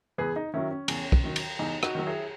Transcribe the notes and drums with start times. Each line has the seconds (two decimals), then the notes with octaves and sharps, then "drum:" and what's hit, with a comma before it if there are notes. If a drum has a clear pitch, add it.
0.18 E2 G#4 B4
0.36 D#4
0.54 D#3 F#3 C#4 E4
0.71 C#4
0.88 E2, drum: cymbal
1.12 drum: kick
1.24 D#3 F#3
1.36 drum: cymbal
1.59 E2 D#4
1.83 D#4 F#4, drum: rim click
1.95 D#3 F#3
2.06 E4 G#4